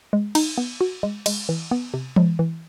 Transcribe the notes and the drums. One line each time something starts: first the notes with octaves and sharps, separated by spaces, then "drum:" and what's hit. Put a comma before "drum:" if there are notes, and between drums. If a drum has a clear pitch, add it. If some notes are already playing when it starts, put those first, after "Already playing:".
G#3
D#4, drum: cymbal
B3
F#4
G#3
G#3, drum: cymbal
E3
B3
C3
G#3, drum: tom E3
E3